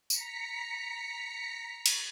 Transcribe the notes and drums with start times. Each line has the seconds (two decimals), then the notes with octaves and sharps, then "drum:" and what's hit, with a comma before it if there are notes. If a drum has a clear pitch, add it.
0.10 A#5 B6 C#7, drum: tambourine
1.86 drum: cymbal